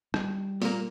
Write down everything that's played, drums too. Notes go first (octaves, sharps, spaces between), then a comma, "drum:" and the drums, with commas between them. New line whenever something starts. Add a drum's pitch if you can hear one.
G3, drum: rim click
A#2 A#3, drum: open hi-hat